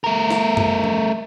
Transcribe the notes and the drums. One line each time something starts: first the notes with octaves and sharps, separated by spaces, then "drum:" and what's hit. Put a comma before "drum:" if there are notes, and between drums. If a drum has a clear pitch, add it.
A3 A#4
drum: snare
drum: tom F#2
drum: tom F3